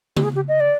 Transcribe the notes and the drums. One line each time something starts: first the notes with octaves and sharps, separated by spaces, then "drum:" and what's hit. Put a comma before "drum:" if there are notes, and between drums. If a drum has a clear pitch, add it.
G4, drum: tom C#3
G#4
G4
D#5
D5